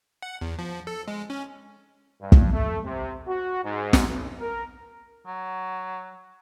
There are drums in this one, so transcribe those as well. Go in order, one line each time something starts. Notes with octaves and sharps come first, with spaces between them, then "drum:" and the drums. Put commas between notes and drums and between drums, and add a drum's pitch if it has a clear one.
F#5
E2
F3
A4
G#3
C#4
G2
drum: kick
A3
C3
F#4
G#2
drum: snare
B1
A#4
F#3